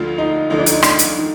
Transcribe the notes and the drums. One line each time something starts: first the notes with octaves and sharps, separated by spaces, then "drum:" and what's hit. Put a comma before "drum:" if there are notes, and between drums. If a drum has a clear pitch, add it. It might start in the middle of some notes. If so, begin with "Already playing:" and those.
Already playing: D2 D3 F3 A3 F4
D#4
D2 D3 F3 A3 D#4
D4
D#4, drum: hi-hat
drum: rim click
drum: hi-hat
D#3